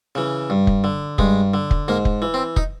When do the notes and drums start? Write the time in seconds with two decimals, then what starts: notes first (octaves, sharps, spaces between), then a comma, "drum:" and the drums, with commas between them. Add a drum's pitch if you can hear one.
0.15 C#3 E3
0.50 G2
0.67 drum: kick F1
0.84 D3
1.18 G2 G#3, drum: kick F1
1.54 D3
1.71 drum: kick F1
1.88 G#2 A#3
2.05 drum: kick F1
2.22 E3
2.34 C4
2.56 D#4, drum: kick F1